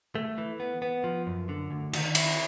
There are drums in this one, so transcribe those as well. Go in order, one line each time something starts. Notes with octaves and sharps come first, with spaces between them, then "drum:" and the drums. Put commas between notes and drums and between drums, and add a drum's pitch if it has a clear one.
A3
E3
B3
B3
F3
F#2
D3
D2
D#3, drum: cymbal
E4, drum: cymbal